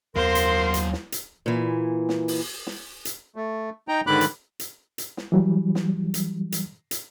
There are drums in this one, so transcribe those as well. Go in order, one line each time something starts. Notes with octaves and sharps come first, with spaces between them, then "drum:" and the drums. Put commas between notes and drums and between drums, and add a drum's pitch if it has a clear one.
D#2 F#3 B3 A#4 C5 F5 C6
drum: hi-hat
drum: hi-hat
drum: snare
drum: hi-hat
A#2 E3
drum: snare
drum: open hi-hat
drum: snare
drum: hi-hat
A3
D#4 G5 A#5
G#2 D3 D#3 B5 D6 F#6
drum: hi-hat
drum: hi-hat
drum: hi-hat
drum: snare
E3 F#3 G3
drum: snare
drum: hi-hat
drum: hi-hat
drum: hi-hat